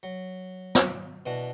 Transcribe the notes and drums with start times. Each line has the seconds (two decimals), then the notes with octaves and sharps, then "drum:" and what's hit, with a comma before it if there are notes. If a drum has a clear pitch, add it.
0.03 F#3
0.75 drum: snare
1.26 B2 E3 D4 F#4